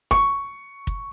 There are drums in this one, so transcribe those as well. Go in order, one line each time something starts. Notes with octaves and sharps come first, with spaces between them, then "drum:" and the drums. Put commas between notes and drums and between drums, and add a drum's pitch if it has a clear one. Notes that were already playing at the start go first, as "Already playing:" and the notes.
C#6, drum: kick
drum: kick